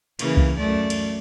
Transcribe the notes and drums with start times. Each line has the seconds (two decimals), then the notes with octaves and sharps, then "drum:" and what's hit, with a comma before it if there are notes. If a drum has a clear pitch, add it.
0.19 C#3 E3 A#3, drum: cymbal
0.37 drum: kick C2
0.58 F#2 A3 D5
0.90 drum: cymbal